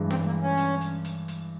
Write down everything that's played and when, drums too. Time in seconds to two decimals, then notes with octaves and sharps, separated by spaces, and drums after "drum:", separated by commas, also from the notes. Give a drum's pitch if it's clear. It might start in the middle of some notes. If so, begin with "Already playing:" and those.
Already playing: G2 E3 G#3
0.11 C4, drum: snare C#4
0.26 A#3
0.42 C#4
0.57 drum: hi-hat
0.81 drum: hi-hat
1.05 drum: hi-hat
1.28 drum: hi-hat